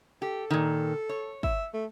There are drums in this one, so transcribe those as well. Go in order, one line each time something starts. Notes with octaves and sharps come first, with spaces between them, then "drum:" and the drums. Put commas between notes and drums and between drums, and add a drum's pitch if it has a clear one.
G4 A4
A#2 D#3
C#5
E5, drum: kick
A3